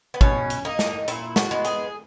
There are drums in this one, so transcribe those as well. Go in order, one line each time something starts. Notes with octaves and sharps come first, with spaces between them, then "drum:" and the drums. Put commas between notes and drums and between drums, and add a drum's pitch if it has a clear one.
B3
B2 C#4, drum: kick
drum: hi-hat
A#3 D#4
drum: snare
A#2 E4, drum: hi-hat
F#4, drum: snare
G#3 B3
G#4, drum: hi-hat